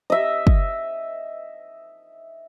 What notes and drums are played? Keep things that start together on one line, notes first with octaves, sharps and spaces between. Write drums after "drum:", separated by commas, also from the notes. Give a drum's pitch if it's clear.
D#5 E5
drum: kick